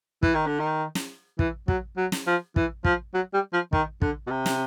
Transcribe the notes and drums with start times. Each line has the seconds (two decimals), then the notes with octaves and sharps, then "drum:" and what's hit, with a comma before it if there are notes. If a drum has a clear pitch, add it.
0.23 E3, drum: kick
0.34 D#3
0.47 D3
0.60 D#3
0.95 drum: snare
1.39 E3, drum: kick
1.68 F#3, drum: kick
1.97 F#3
2.12 drum: snare
2.27 F3
2.56 E3, drum: kick
2.85 F3, drum: kick
3.14 F#3
3.33 G3
3.53 F3
3.73 D#3, drum: kick
4.02 D3, drum: kick
4.27 B2
4.30 C3
4.46 drum: snare